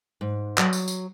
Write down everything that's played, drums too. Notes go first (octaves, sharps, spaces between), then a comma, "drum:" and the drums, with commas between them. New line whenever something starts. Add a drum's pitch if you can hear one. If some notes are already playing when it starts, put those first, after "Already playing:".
G#2
F#3, drum: clap
drum: tambourine
drum: tambourine